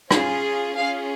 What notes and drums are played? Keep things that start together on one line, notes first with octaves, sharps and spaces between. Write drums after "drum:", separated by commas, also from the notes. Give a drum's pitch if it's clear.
C#4 F4 G#4, drum: rim click
C#4 F4 G#4 F5